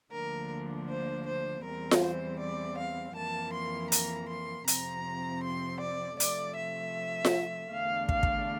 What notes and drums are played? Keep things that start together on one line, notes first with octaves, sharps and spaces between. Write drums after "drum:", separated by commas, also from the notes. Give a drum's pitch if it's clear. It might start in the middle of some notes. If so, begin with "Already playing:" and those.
D2 D3 F3 A#3 D4 A#4
C5
C5
E2 E3 G3 C4 A#4
drum: snare F4
C5
D5
F5
F2 E3 A#3 A5
C6
A#5, drum: hi-hat
C6
F2 C3 F3 C4 A#5, drum: hi-hat
C6
D5
C3 F3 A3 D5, drum: hi-hat
E5
drum: snare F4
E2 D3 A3 D4 F5
F5, drum: kick
drum: kick